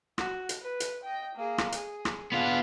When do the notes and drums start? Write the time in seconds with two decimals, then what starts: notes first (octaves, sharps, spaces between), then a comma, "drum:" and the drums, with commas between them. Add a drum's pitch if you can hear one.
0.18 F#4, drum: rim click
0.49 drum: hi-hat
0.61 B4
0.80 drum: hi-hat
1.03 D#5 G5
1.35 A#3 G#4
1.58 drum: rim click
1.72 G#4, drum: hi-hat
2.05 drum: rim click
2.32 B3 D4 F4 G#4